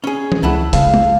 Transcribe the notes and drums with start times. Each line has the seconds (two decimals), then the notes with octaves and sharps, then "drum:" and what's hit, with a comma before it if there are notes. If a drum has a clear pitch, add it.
0.04 C#4 G#4
0.32 drum: tom E3
0.43 C#2 A3 E4 F#5
0.73 C#3 G#3 F5 A5, drum: hi-hat
0.94 drum: tom G#3